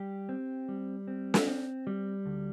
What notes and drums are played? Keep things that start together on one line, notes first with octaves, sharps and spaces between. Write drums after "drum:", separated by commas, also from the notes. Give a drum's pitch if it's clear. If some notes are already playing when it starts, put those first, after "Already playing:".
Already playing: G3 G4
C4
G3
C4
drum: snare
C4
G3
D2